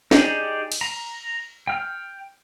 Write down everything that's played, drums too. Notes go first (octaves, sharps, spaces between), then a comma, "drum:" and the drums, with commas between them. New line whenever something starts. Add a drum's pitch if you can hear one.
D#4 G4 G#4 D5, drum: snare
drum: cymbal
A#5
G5 F6